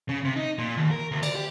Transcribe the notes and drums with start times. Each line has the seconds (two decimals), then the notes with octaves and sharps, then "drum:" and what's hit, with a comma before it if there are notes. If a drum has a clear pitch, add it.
0.09 C#3
0.25 C3
0.36 D#4
0.58 A#2
0.77 D#2
0.91 A#4
1.11 D2
1.23 D5, drum: cymbal
1.35 G4